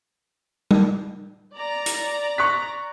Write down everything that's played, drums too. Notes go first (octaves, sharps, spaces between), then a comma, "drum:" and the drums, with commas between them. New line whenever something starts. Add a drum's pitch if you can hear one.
drum: tom G3
D5 A#5
drum: hi-hat
C#6 F#6 B6